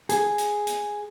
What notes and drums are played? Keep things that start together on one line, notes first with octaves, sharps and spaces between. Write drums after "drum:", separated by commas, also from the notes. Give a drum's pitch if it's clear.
G#4, drum: hi-hat
drum: hi-hat
drum: hi-hat